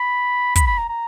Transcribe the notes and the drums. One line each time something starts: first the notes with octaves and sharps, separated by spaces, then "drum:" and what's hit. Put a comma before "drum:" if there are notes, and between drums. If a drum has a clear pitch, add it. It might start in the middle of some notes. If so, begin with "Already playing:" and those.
Already playing: B5
B5, drum: kick, hi-hat
B5
A#5
A#5